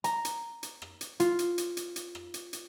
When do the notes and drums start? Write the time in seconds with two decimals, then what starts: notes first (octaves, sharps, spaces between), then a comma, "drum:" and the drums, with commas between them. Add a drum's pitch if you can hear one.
0.04 A#5, drum: hi-hat
0.25 drum: hi-hat
0.63 drum: hi-hat
0.82 drum: rim click
1.01 drum: hi-hat
1.20 F4, drum: hi-hat
1.39 drum: hi-hat
1.58 drum: hi-hat
1.77 drum: hi-hat
1.96 drum: hi-hat
2.15 drum: rim click
2.34 drum: hi-hat
2.53 drum: hi-hat